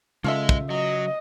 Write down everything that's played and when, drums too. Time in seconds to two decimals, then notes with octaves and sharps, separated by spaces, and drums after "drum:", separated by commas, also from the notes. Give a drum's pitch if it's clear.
0.24 C#3 G#3 F4 A4 D#5 E5
0.49 drum: kick
0.70 F#3 D#5